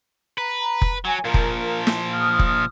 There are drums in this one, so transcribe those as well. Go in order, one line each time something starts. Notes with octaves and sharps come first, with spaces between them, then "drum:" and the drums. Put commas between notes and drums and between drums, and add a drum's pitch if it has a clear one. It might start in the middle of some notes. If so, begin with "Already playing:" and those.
B4 A#5
drum: kick F1
F#3 G#5
A#2 F3 A#4
drum: kick F1
drum: snare
D#6 F6
drum: kick F1